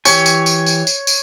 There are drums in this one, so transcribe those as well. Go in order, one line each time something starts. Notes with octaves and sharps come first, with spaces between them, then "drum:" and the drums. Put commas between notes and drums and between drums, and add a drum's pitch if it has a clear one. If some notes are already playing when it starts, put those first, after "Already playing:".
E3 G4 C#5 G#5, drum: tambourine
drum: tambourine
drum: tambourine
drum: tambourine
drum: tambourine
drum: tambourine